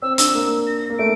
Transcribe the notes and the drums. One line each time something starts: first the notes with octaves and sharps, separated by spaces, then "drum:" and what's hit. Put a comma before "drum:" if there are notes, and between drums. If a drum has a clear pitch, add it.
C4 E6
D4 E6, drum: hi-hat
A#3
A#6
A#6
A#3
A3 D7